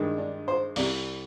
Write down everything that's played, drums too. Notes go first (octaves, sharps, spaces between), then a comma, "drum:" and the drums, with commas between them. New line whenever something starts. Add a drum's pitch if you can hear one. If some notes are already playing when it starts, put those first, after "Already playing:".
Already playing: G2 D#3 G#3
D4
C5
C2 C3 G3 D5, drum: open hi-hat